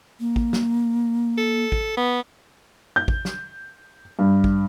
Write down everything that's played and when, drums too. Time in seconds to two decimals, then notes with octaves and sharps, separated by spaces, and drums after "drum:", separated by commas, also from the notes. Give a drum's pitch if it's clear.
0.20 A#3
0.36 drum: kick A1
0.53 drum: snare
1.38 A4
1.72 drum: kick A1
1.97 B3
2.96 G6
3.08 drum: kick A1
3.25 drum: snare
4.19 G2
4.44 drum: kick A1